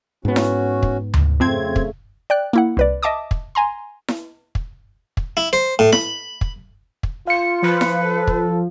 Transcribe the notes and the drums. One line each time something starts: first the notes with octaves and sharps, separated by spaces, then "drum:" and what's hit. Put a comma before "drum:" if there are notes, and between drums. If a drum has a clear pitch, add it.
G#2 B3 C#4 F#4
drum: snare E4
drum: kick
drum: tom D2
F2 C#3 A3 C4 G#6
drum: kick
D5 G5 F#6
A#3 E4 F#5
C2 B4 D5
D#5 E5 A5 D6 D#6
drum: kick
G#5 A#5 C6
drum: snare E4
drum: kick
drum: kick
E4
C5
A2
B5, drum: snare E4
drum: kick
drum: kick
F4 F5 C6 C#7
F3 B4
drum: snare E4
A4
drum: kick